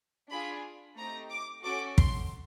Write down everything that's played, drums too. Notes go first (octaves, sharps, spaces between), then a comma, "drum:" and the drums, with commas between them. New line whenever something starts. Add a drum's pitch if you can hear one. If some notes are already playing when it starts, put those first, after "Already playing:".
D4 F4 G#4 B5
A3 C4 D#4 G4 A#5
D6
C#4 F#4 A4 D6
C6, drum: kick